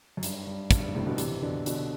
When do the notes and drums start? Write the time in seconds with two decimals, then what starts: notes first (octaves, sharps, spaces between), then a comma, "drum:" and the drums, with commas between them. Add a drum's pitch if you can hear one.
0.17 F#2
0.23 G2, drum: hi-hat
0.47 G2
0.71 G2, drum: kick, hi-hat
0.83 G2
0.94 A2 C3
1.06 B2 D3
1.18 C3 E3, drum: hi-hat
1.42 B2 D3
1.66 B2 D3, drum: hi-hat